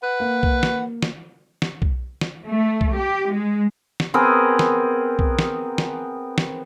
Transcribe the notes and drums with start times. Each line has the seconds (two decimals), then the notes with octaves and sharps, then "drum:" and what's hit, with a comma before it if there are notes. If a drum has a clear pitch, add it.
0.03 B4 F#5
0.20 A#3
0.43 drum: kick B1
0.63 drum: snare
1.02 drum: snare
1.62 drum: snare
1.82 drum: kick B1
2.21 drum: snare
2.46 A3
2.81 drum: kick B1
2.94 G4
3.33 G#3
4.00 drum: snare
4.14 B3 C4 G#4 A#4
4.59 drum: snare
5.19 drum: kick B1
5.39 drum: snare
5.78 drum: snare
6.38 drum: snare